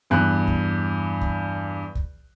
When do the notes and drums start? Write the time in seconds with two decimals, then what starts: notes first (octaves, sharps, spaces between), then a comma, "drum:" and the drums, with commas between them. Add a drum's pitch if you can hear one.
0.10 E2 G2 F#6
0.47 drum: kick
1.21 drum: kick
1.95 drum: kick